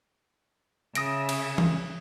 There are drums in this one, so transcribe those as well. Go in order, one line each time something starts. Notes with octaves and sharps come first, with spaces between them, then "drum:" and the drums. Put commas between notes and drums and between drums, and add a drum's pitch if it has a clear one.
C#3 E5 D#6 A#6 D7, drum: hi-hat
drum: cymbal
drum: tom E3